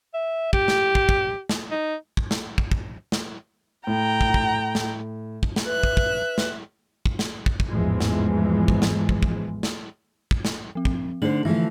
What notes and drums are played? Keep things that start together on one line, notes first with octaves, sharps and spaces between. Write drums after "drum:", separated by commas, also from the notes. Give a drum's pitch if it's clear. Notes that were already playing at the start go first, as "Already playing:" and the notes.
E5
G4, drum: kick
drum: snare
drum: kick
drum: kick
drum: snare
D#4
drum: kick
drum: snare
drum: kick
drum: kick
drum: snare
A2 G5 A#5
drum: kick
drum: kick
drum: snare
drum: kick
drum: snare
B4 E5 F#6
drum: kick
drum: kick
drum: snare
drum: kick
drum: snare
drum: kick
drum: kick
A1 E2 G#2 E3 F3 G#3
drum: snare
drum: kick
drum: snare
drum: kick
drum: kick
drum: snare
drum: kick
drum: snare
F3 C4
drum: kick
D3 A3 D#4 C5 F#7
D3 E3 F3 A3 A#6